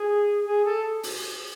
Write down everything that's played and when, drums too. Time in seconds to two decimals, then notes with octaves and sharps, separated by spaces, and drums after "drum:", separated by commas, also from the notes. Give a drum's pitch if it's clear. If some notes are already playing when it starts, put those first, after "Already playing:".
Already playing: G#4
0.45 G#4
0.64 A4
1.03 drum: open hi-hat